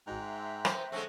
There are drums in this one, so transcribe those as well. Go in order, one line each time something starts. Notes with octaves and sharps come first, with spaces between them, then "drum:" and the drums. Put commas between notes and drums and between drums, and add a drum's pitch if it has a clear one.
G#1 G#2 F#4 D#5 G5 A#5 F#6
E5 C6 B6
B3 C5, drum: rim click
D3 G#3 A3 C4 C#4 A4 F#5